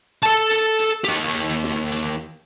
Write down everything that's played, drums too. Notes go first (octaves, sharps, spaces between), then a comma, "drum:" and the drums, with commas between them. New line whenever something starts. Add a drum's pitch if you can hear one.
A4 A5, drum: hi-hat
drum: hi-hat
drum: hi-hat
D#3 G4, drum: hi-hat
drum: hi-hat
drum: snare
drum: hi-hat